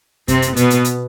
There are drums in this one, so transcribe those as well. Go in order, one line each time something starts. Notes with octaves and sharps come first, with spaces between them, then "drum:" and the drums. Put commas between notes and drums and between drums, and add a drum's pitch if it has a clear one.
C3 C4, drum: kick F#2, hi-hat
drum: hi-hat
B2 B3, drum: hi-hat
drum: hi-hat
drum: hi-hat